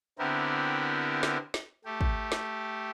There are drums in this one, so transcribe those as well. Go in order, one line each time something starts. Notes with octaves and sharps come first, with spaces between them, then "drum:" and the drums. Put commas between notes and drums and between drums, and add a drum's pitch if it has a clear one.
D3 B3 C4 E4 G4 A#4
drum: snare
drum: snare
A3 G4
drum: kick
drum: snare